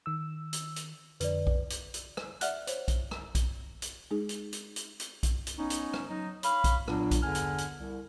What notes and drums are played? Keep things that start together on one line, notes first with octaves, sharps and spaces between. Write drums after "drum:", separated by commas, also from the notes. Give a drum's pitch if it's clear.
D#3 E6
drum: hi-hat
drum: hi-hat
F2 D3 B4 D5, drum: hi-hat
drum: kick B1
drum: hi-hat
drum: hi-hat
drum: rim click
D5 E5 F#5 F6 F#6, drum: hi-hat
C5 C#5, drum: hi-hat
drum: kick B1, hi-hat
drum: rim click
drum: kick B1, hi-hat
drum: hi-hat
G#3 D#4 G#4
drum: hi-hat
drum: hi-hat
drum: hi-hat
drum: hi-hat
drum: kick B1, hi-hat
drum: hi-hat
B3 C#4 D#4
drum: hi-hat
drum: rim click
F#3 D#4
C#5 F5 B5, drum: hi-hat
drum: kick B1, hi-hat
A#2 F#3 B3 D4, drum: rim click
drum: kick B1, hi-hat
E2 G2 D3 G#5 F6
drum: hi-hat
drum: hi-hat
C2